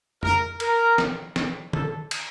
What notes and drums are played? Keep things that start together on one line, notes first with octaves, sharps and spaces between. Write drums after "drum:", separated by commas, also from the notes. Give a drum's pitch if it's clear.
A#4, drum: tom F2
A#4, drum: cymbal
drum: snare
drum: snare
A4, drum: tom
drum: cymbal